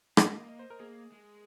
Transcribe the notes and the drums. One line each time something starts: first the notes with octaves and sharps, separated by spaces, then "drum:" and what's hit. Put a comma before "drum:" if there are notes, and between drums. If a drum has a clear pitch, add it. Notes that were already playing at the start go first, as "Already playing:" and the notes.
A#3 D#5, drum: rim click
D#5
C5
A#4
A#3 G#4
G#3